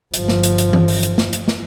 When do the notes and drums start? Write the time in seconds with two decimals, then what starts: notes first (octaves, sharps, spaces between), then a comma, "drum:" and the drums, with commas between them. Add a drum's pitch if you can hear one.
0.14 G1 F3, drum: hi-hat
0.28 drum: snare
0.43 drum: hi-hat
0.58 drum: hi-hat
0.73 drum: tom E3
0.88 drum: open hi-hat
1.03 drum: hi-hat
1.18 drum: snare
1.33 drum: hi-hat
1.48 drum: snare